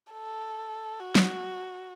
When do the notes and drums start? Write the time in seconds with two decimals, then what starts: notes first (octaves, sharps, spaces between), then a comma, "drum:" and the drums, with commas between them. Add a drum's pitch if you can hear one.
0.12 A4
0.99 F#4
1.15 drum: snare